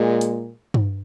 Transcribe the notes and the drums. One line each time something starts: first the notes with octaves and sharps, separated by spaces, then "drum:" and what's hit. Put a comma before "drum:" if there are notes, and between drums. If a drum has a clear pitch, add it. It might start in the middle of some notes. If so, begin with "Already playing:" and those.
Already playing: A#2 G#3
drum: hi-hat
drum: tom G2